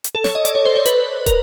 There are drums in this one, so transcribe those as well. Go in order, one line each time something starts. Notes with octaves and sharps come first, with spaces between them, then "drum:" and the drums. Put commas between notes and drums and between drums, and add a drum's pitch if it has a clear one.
drum: hi-hat
A4
C#5, drum: snare
D#5
D5, drum: hi-hat
C#5
C5
C#5
B4, drum: hi-hat
A#4, drum: kick, hi-hat